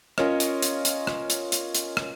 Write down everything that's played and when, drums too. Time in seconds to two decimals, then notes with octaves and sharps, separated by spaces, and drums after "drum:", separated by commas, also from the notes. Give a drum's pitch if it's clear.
0.18 C#4 F4 A#4 C#5 D#5, drum: rim click
0.40 drum: hi-hat
0.63 drum: hi-hat
0.85 drum: hi-hat
1.07 drum: rim click
1.30 drum: hi-hat
1.52 drum: hi-hat
1.75 drum: hi-hat
1.97 drum: rim click